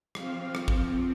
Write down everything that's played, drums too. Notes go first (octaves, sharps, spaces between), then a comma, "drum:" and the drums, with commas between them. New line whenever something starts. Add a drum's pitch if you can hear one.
F3 C4 F5, drum: rim click
drum: rim click
drum: kick